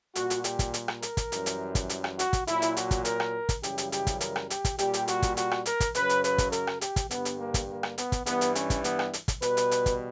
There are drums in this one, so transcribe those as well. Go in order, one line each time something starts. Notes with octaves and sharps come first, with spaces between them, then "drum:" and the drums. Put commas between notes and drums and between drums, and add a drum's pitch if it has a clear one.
A#2 G3 F#4, drum: hi-hat
drum: hi-hat
G4, drum: hi-hat
drum: kick, hi-hat
drum: hi-hat
drum: rim click
A#4, drum: hi-hat
drum: kick, hi-hat
F#2 E3 G3, drum: hi-hat
drum: hi-hat
drum: kick, hi-hat
drum: hi-hat
drum: rim click
F#4, drum: hi-hat
drum: kick, hi-hat
A#2 F#3 E4, drum: hi-hat
drum: hi-hat
F#4, drum: hi-hat
drum: kick, hi-hat
A#4, drum: hi-hat
drum: rim click
drum: kick, hi-hat
F#2 C#3 E3 G3 G4, drum: hi-hat
drum: hi-hat
G4, drum: hi-hat
drum: kick, hi-hat
A#4, drum: hi-hat
drum: rim click
G4, drum: hi-hat
drum: kick, hi-hat
A#2 G3 G4, drum: hi-hat
drum: hi-hat
F#4, drum: hi-hat
drum: kick, hi-hat
F#4, drum: hi-hat
drum: rim click
A#4, drum: hi-hat
drum: kick, hi-hat
F#2 C#3 F#3 B4, drum: hi-hat
drum: hi-hat
B4, drum: hi-hat
drum: kick, hi-hat
A#4, drum: hi-hat
drum: rim click
G4, drum: hi-hat
drum: kick, hi-hat
G2 D3 G3 B3, drum: hi-hat
drum: hi-hat
A#3
drum: kick, hi-hat
A#3
drum: rim click
B3, drum: hi-hat
drum: kick, hi-hat
G2 E3 G3 B3, drum: hi-hat
drum: hi-hat
C#4, drum: hi-hat
drum: kick, hi-hat
B3, drum: hi-hat
drum: rim click
drum: hi-hat
drum: kick, hi-hat
B2 G3 B4, drum: hi-hat
drum: hi-hat
drum: hi-hat
drum: kick, hi-hat